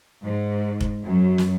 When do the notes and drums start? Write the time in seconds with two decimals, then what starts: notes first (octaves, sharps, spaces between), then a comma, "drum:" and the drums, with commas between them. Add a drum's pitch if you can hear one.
0.23 G#2
0.81 drum: kick F1
1.05 F#2
1.38 drum: snare